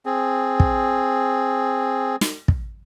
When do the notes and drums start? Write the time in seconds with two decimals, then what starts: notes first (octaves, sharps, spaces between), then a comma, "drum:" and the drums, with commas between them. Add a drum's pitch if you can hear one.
0.06 C4 G#4
0.60 drum: kick
2.21 drum: snare
2.48 drum: kick